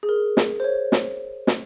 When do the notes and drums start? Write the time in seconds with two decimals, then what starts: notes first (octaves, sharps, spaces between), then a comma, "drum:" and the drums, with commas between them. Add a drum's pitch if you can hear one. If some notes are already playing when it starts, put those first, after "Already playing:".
0.03 G#4
0.09 A#4
0.37 drum: snare
0.60 C5
0.64 C#5
0.92 drum: snare
1.47 drum: snare